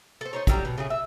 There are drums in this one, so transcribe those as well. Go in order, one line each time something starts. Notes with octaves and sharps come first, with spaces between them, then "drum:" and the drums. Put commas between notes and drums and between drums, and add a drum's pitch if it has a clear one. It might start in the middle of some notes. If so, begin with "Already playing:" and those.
A4 C5
D#4 C5 C#5
F#3 G3 A#5, drum: kick, hi-hat
B2
C#3 A3 G#4
E5